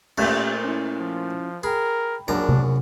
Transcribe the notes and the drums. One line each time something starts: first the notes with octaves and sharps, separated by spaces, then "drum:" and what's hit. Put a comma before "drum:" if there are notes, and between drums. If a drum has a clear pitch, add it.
A#2 A3 C#4 G4 A#4, drum: cymbal
C#4 E4
F3
G#4 A#4 G5 B5
A#1 F#2 D4 A#5
drum: tom C3